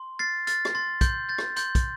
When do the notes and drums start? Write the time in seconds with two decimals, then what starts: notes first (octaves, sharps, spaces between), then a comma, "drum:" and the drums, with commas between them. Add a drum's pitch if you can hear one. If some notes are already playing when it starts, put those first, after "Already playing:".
Already playing: C6
0.19 F6 A6 C7
0.47 F6 A6, drum: hi-hat
0.65 drum: rim click
0.75 C6 A6
1.01 C6 G6, drum: kick, hi-hat
1.29 G6 A6
1.38 drum: rim click
1.56 C6 G6, drum: hi-hat
1.75 drum: kick, hi-hat